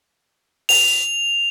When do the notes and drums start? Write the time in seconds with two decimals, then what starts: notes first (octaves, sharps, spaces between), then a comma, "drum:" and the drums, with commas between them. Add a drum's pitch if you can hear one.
0.69 F7, drum: open hi-hat